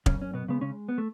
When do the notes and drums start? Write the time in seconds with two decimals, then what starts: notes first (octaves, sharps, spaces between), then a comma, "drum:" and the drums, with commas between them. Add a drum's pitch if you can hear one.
0.06 F#2 C#3 C#4, drum: kick
0.22 C#4
0.34 B2 B3
0.48 C#3 G#3 B3
0.61 C#3 C#4
0.89 B3
0.98 A3